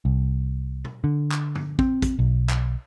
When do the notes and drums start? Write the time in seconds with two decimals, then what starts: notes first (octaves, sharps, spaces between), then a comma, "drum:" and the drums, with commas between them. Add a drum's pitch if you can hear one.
0.05 C2
0.85 drum: tom B2
1.04 D3
1.32 drum: clap
1.55 drum: tom
1.79 C4, drum: kick
2.02 drum: kick, hi-hat
2.19 B1
2.50 drum: clap